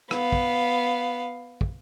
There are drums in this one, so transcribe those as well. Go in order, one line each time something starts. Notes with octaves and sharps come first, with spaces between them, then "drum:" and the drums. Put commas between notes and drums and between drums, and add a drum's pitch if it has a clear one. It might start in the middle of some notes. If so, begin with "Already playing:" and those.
B3 F5, drum: rim click
drum: kick
drum: kick